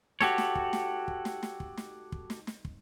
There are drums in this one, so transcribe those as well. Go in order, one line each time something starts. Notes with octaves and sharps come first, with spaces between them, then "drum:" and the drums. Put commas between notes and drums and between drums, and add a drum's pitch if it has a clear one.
F#4 G4 A4 C#5, drum: snare
drum: snare
drum: kick
drum: snare
drum: kick
drum: snare
drum: snare
drum: kick
drum: snare
drum: kick
drum: snare
drum: snare
drum: kick